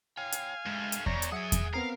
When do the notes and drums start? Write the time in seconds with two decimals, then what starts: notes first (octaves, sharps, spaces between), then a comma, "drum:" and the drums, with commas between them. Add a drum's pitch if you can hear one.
0.17 C#5 F5 G5 G#5
0.32 drum: hi-hat
0.66 G2 G#3 A3
0.92 drum: hi-hat
1.06 E2 C#5 D5 A#5, drum: kick E2
1.22 drum: hi-hat
1.32 F#3 G#4 E5 F#5 G#5 D#6
1.52 drum: kick E2, hi-hat
1.74 B3 C4 A#4 F5 A#5